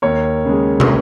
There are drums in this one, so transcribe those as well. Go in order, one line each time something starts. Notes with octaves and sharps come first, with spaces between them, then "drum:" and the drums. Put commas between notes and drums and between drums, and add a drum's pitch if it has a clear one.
D#2 A#4 C#5
C#3 G#3
drum: tom